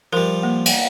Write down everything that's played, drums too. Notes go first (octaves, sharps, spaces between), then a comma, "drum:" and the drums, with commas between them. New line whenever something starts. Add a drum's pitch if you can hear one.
F3 G3 A#4
A#3
drum: cymbal